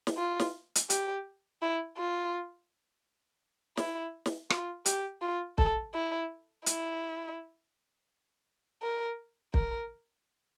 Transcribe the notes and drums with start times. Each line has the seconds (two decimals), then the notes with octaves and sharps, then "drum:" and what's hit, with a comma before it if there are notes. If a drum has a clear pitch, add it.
0.07 drum: snare
0.18 F4
0.40 drum: snare
0.75 drum: hi-hat
0.90 G4, drum: hi-hat
1.62 E4
1.97 F4
3.77 E4, drum: snare
4.26 drum: snare
4.50 F4, drum: rim click
4.86 G4, drum: hi-hat
5.22 F4
5.58 A4, drum: kick
5.94 E4
6.66 E4, drum: hi-hat
8.82 A#4
9.54 A#4, drum: kick